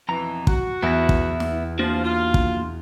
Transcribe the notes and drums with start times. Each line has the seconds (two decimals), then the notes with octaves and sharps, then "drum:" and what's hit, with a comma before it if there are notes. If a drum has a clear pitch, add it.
0.09 F2 B2 E3 A#5
0.47 F#4, drum: kick
0.83 E2 B3 E4 A#6
1.09 drum: kick
1.40 drum: snare
1.79 F3 A#3 D4 F4 F#4
2.03 F4
2.34 drum: kick